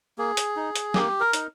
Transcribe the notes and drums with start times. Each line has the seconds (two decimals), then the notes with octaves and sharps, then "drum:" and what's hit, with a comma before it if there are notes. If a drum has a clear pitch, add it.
0.18 A#3 G#4
0.37 drum: hi-hat
0.56 D#4
0.75 drum: hi-hat
0.94 A#3 G4, drum: snare
1.20 A#4
1.33 D#4, drum: hi-hat